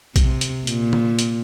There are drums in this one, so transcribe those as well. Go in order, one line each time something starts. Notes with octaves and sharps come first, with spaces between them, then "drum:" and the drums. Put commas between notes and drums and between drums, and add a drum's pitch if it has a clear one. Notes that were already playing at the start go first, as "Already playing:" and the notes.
C3, drum: kick A#1, hi-hat
drum: hi-hat
A#2, drum: hi-hat
drum: tom
drum: hi-hat